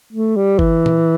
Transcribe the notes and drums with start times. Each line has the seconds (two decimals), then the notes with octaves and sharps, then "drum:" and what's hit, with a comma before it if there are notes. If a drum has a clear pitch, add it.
0.13 A3
0.37 G3
0.59 E3, drum: kick G1
0.86 drum: tom A#2